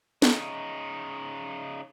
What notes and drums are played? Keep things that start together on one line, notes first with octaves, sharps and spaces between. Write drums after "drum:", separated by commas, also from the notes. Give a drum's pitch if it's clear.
C#3 D#4, drum: snare